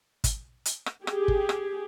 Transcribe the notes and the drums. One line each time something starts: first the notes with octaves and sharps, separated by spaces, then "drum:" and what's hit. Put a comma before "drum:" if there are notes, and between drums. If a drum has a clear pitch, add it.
drum: kick, hi-hat
drum: hi-hat
drum: rim click
G4 G#4, drum: rim click
drum: kick
drum: rim click